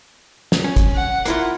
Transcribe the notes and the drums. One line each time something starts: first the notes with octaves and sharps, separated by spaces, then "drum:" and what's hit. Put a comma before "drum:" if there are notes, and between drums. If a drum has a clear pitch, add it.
drum: snare
C#4
drum: kick, hi-hat
F#5
A#3 E4 F4, drum: hi-hat